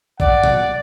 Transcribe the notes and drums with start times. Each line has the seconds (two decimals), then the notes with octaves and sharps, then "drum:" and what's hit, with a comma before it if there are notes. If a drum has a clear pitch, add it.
0.20 D5 F#5, drum: kick
0.44 drum: tom A#2